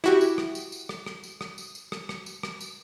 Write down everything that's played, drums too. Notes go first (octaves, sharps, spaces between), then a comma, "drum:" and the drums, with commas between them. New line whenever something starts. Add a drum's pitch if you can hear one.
E4 F#4 G4, drum: rim click
drum: tambourine
drum: rim click
drum: tambourine
drum: tambourine
drum: rim click
drum: rim click
drum: tambourine
drum: rim click
drum: tambourine
drum: tambourine
drum: rim click
drum: rim click
drum: tambourine
drum: rim click
drum: tambourine